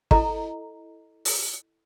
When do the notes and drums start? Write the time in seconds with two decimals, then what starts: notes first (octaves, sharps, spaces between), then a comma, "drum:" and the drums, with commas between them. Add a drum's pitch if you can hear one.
0.11 E4 A4 D#5 A#5, drum: kick
1.25 drum: open hi-hat